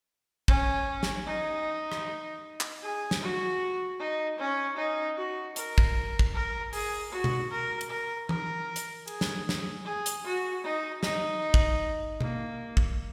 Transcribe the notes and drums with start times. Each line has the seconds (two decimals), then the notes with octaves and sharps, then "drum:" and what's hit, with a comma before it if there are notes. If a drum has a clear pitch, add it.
0.48 C#4, drum: kick
1.03 drum: snare
1.26 D#4
1.92 drum: rim click
2.60 drum: clap
2.83 G#4
3.11 drum: snare
3.21 F#4
4.00 D#4
4.39 C#4
4.77 D#4
5.17 F#4
5.56 A#4, drum: hi-hat
5.78 drum: kick
6.19 drum: kick
6.34 A#4
6.73 G#4, drum: open hi-hat
7.12 F#4
7.24 drum: tom B2
7.51 A#4
7.81 drum: hi-hat
7.90 A#4
8.29 A#4, drum: tom E3
8.76 drum: hi-hat
9.08 G#4, drum: cymbal
9.21 drum: snare
9.49 drum: snare
9.85 G#4
10.06 drum: hi-hat
10.25 F#4
10.64 D#4
11.03 D#4, drum: snare
11.54 drum: kick
12.20 A#3, drum: tom B2
12.77 drum: kick